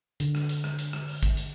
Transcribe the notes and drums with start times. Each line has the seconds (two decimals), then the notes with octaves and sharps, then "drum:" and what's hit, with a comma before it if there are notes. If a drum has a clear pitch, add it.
0.20 D3, drum: hi-hat
0.35 drum: rim click
0.49 drum: hi-hat
0.64 drum: rim click
0.79 drum: hi-hat
0.93 drum: rim click
1.08 drum: open hi-hat
1.23 drum: kick, hi-hat
1.37 drum: hi-hat